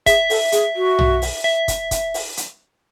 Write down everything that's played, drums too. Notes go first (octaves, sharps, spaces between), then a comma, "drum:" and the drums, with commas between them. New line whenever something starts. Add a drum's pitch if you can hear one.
G#4 E5, drum: kick, hi-hat
A4, drum: open hi-hat
G#4, drum: hi-hat
F#4
drum: tom
drum: open hi-hat
E5
drum: kick, hi-hat
drum: kick, hi-hat
drum: open hi-hat
drum: hi-hat